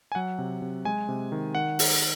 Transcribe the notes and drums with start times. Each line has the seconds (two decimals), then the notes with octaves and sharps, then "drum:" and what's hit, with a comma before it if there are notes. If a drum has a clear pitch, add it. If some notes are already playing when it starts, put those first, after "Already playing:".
0.12 G#5
0.15 F#3 F#5
0.39 C3
0.62 C3
0.85 G#3 G#5
1.09 C3
1.32 D#3
1.55 D#3 F#5
1.79 drum: open hi-hat